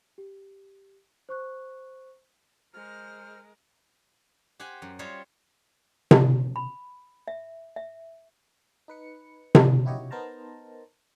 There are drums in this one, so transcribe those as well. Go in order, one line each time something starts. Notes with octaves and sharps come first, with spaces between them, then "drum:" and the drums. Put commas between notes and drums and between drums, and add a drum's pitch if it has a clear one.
G4
C5 C#6 F#6
G#3 A#4 C5 F6
G4 C5 F#5 G#5
F#2
G3 F4 C5 C#5 D#5
drum: tom C3
B5
E5
E5
D#4 B4 C#7
drum: tom C3
D#4 E4 F#4 G4 C#5 D#5
B3 D#4 A#4 C5 A5 A#5